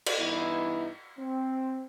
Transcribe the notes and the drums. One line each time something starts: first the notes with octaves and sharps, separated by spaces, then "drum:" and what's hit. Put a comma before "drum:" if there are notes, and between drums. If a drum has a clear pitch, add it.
drum: cymbal
G2 E3 B3 D#4 E4
C4